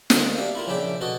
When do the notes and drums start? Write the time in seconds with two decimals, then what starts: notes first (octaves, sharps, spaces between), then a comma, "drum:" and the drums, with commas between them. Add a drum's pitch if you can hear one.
0.10 D2 A4 A#4 D#5 G5 A#5, drum: snare
0.36 D4 G4 E5 F5
0.55 E4 F4 A#4
0.67 A#1 C#3 D4 E5 G5 D6
1.01 B2 F#4 A4 D#5